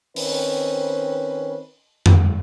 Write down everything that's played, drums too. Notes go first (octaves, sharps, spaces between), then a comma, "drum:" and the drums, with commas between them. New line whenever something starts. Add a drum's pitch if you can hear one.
D#3 C4 C#4 B4, drum: open hi-hat
drum: tom F2